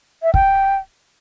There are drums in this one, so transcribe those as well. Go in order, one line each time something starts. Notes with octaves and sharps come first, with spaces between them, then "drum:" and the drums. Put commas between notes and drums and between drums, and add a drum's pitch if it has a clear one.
E5
G5, drum: kick